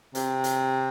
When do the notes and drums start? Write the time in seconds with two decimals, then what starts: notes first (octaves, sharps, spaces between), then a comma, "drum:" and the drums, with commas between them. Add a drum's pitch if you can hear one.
0.15 C3, drum: hi-hat
0.44 drum: hi-hat